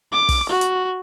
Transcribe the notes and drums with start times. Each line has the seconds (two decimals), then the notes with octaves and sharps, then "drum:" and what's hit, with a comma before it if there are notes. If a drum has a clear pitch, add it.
0.12 D6
0.29 drum: kick, open hi-hat
0.49 F#4
0.61 drum: hi-hat